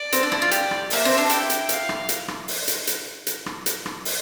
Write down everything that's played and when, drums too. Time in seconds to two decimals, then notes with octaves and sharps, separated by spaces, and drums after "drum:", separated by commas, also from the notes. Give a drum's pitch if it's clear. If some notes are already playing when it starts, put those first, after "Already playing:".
Already playing: D5
0.13 C4, drum: hi-hat
0.23 D4
0.32 E4, drum: rim click
0.42 F4
0.51 G4, drum: hi-hat
0.71 drum: rim click
0.90 A#3 E5, drum: open hi-hat
1.05 C4
1.18 D4
1.29 E4 G5, drum: hi-hat
1.50 drum: hi-hat
1.69 F5, drum: hi-hat
1.89 drum: rim click
2.09 drum: hi-hat
2.28 drum: rim click
2.48 drum: open hi-hat
2.68 drum: hi-hat
2.87 drum: hi-hat
3.27 drum: hi-hat
3.46 drum: rim click
3.66 drum: hi-hat
3.86 drum: rim click
4.05 drum: open hi-hat